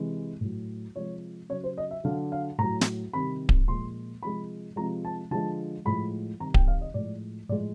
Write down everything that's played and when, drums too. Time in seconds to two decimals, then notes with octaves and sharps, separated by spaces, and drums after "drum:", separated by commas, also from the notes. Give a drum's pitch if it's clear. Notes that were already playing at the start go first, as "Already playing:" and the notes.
Already playing: C3 E3 G#3
0.41 A2 F#3
0.95 C3 F3 G#3 C#5
1.49 C#3 F#3 C#5
1.64 C5
1.77 D#5
1.91 E5
2.04 D3 F#3 F5
2.32 F5
2.58 A2 F#3 A#5
2.81 drum: snare
3.13 C3 D#3 G3 B5
3.49 drum: kick D1
3.68 A#2 F3 G#3 C6
4.23 C3 F3 G#3 B5
4.76 C3 F3 G#3 A#5
5.05 A5
5.31 D3 F3 G#3 A5
5.85 A2 F3 G#3 B5
6.40 C3 D#3 G3 A#5
6.54 G5, drum: kick D1
6.68 F5
6.81 D#5
6.94 A2 F3 G#3 D5
7.49 A2 F3 G#3 D5